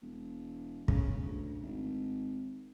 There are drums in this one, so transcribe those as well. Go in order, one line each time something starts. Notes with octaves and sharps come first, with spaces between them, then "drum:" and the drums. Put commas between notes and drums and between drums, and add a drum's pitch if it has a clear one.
E1
C#3, drum: kick
D2
G#1